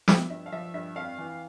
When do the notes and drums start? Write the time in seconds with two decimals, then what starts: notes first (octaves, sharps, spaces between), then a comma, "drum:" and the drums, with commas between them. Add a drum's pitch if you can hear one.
0.08 F3 E5, drum: snare
0.30 G2 E5
0.46 F5
0.52 F3 E5
0.74 G2 E5
0.96 F2 F5
1.18 E3